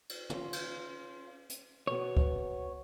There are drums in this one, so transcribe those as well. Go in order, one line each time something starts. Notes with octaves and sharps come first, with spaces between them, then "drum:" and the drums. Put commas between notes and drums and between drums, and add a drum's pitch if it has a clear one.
drum: cymbal
C#4 F4, drum: tom
drum: cymbal
drum: hi-hat
B2 B3 C#5
drum: kick C#2